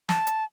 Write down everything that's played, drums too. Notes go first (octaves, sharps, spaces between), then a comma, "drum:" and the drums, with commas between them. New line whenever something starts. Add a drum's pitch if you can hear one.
A5, drum: snare
drum: hi-hat